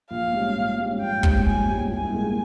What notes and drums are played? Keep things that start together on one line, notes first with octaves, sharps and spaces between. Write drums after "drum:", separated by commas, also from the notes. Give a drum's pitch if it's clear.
A#1 F5
G#2 G3 C#4 G4
A#1
G#2 G3 C#4 G4
A#1 G5
G#2 G3 C#4 G4, drum: kick
A#1 G#5
G#2 G3 C#4 G4
C2 G#5
A#2 G#3